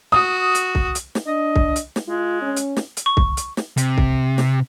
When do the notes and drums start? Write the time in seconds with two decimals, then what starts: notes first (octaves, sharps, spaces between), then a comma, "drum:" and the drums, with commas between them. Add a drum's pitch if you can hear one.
0.12 F#4 D#6
0.55 drum: hi-hat
0.75 drum: kick C2
0.95 drum: hi-hat
1.15 drum: snare
1.27 D4 D#5
1.56 drum: kick C2
1.76 drum: hi-hat
1.96 drum: snare
2.08 G#3 F4
2.42 C#4
2.56 drum: hi-hat
2.77 drum: snare
2.97 drum: hi-hat
3.06 C#6
3.17 drum: kick C2
3.37 drum: hi-hat
3.57 drum: snare
3.77 C3, drum: hi-hat
3.98 drum: kick C2
4.38 drum: snare